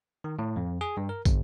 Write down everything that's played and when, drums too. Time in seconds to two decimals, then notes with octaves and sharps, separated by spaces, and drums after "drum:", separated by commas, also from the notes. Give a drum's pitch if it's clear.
0.24 D#3
0.39 A2
0.56 F2
0.81 G#4
0.97 G2
1.09 A#4
1.25 G1, drum: kick, tambourine